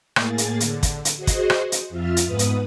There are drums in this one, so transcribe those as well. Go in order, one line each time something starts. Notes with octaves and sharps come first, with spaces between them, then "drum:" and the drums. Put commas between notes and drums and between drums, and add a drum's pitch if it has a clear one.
A2 A#3 G#4 A6, drum: rim click
drum: hi-hat
D3, drum: hi-hat
drum: kick, hi-hat
drum: hi-hat
F#4 G#4 C5 D#5
drum: kick, hi-hat
drum: rim click
drum: hi-hat
F2 F4 E5 F6 A6
drum: hi-hat
G#2 B3 B4 D#6
drum: hi-hat